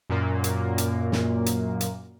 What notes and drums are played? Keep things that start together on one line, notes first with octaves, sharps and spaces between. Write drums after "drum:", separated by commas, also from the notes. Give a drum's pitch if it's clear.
F#2 A#2 A#3
drum: hi-hat
drum: hi-hat
drum: snare
drum: hi-hat
drum: hi-hat